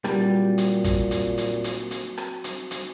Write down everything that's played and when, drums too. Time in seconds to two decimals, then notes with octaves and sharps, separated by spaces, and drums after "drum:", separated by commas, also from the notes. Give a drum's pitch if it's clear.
0.04 A#2 F#3 G3 C4 F#4, drum: rim click
0.58 drum: hi-hat
0.84 drum: kick, hi-hat
1.11 drum: hi-hat
1.38 drum: hi-hat
1.64 drum: hi-hat
1.91 drum: hi-hat
2.17 drum: rim click
2.44 drum: hi-hat
2.71 drum: hi-hat